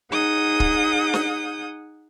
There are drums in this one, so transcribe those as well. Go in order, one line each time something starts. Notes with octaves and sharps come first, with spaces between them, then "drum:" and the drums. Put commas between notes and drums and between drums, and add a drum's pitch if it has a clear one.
D#4 G#4 F#5 D#6 G6
drum: kick
drum: snare